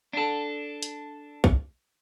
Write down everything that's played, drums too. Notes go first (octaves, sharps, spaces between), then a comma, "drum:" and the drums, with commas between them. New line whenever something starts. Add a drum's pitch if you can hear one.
D4 A4
drum: hi-hat
drum: kick